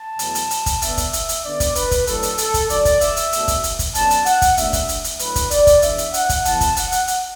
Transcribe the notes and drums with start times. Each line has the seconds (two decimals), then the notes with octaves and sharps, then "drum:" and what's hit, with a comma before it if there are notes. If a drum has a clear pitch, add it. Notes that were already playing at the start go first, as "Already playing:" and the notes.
Already playing: A5
0.19 E2 B2 F#3 A3, drum: hi-hat
0.35 drum: hi-hat
0.51 drum: hi-hat
0.66 drum: kick, hi-hat
0.82 D3 B3 D4 E5, drum: hi-hat
0.98 drum: kick, hi-hat
1.13 drum: hi-hat
1.29 drum: hi-hat
1.44 D3 B3 D4 D5
1.60 drum: kick, hi-hat
1.75 B4, drum: hi-hat
1.91 drum: kick, hi-hat
2.07 A2 F#3 A3 D4 A4, drum: hi-hat
2.23 drum: hi-hat
2.38 A4, drum: hi-hat
2.54 drum: kick, hi-hat
2.70 D3 F#3 D4 D5, drum: hi-hat
2.85 drum: kick, hi-hat
3.01 E5, drum: hi-hat
3.17 drum: hi-hat
3.33 B2 A3 D4, drum: hi-hat
3.48 drum: kick, hi-hat
3.63 drum: hi-hat
3.79 drum: kick, hi-hat
3.95 F#2 F#3 B3 D4 A5, drum: hi-hat
4.10 drum: hi-hat
4.26 F#5, drum: hi-hat
4.42 drum: kick, hi-hat
4.57 B2 A3 D4 E5, drum: hi-hat
4.73 drum: kick, hi-hat
4.89 drum: hi-hat
5.04 drum: hi-hat
5.19 A2 F#3 D4 B4, drum: hi-hat
5.36 drum: kick, hi-hat
5.51 D5, drum: hi-hat
5.67 drum: kick, hi-hat
5.82 E2 E3 D4 E5, drum: hi-hat
5.98 drum: hi-hat
6.14 F#5, drum: hi-hat
6.29 drum: kick, hi-hat
6.45 E2 E3 B3 A5, drum: hi-hat
6.61 drum: kick, hi-hat
6.77 F#5, drum: hi-hat
6.92 drum: hi-hat
7.08 drum: hi-hat